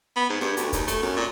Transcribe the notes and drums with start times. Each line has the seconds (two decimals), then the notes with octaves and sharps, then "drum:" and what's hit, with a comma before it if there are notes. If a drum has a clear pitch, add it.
0.17 B3
0.30 G#2
0.41 G2, drum: snare
0.57 D2, drum: hi-hat
0.73 D#2, drum: kick, hi-hat
0.88 A3, drum: hi-hat
1.03 F#2, drum: snare
1.17 A#2